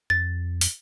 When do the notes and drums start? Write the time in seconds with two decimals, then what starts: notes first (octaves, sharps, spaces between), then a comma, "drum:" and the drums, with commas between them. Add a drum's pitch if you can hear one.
0.10 F2 A6
0.61 drum: open hi-hat